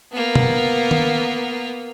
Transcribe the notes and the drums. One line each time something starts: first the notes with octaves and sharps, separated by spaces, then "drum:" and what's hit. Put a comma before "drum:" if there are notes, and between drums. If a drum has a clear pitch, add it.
A#3 B3
drum: tom
drum: tom